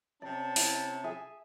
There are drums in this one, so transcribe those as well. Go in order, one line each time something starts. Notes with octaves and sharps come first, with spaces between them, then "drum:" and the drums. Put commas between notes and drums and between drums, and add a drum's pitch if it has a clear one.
C3 C#4 D5 A5
E4, drum: open hi-hat
G#4 E5 G#5